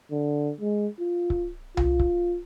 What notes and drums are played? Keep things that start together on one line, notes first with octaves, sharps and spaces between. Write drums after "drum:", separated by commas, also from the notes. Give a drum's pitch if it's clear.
D3
G#3
F4
drum: kick C#1
F4, drum: tom C2
drum: kick C#1